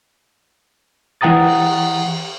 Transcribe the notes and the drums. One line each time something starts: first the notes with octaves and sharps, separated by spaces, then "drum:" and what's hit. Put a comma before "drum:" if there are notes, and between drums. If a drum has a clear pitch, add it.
E3 F#5 G5 A#5 D#6 A6
drum: cymbal